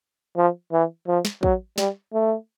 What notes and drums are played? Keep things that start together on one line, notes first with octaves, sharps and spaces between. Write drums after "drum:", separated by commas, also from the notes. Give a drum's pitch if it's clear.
F3
E3
F3
drum: snare
F#3, drum: kick
G3, drum: snare
A3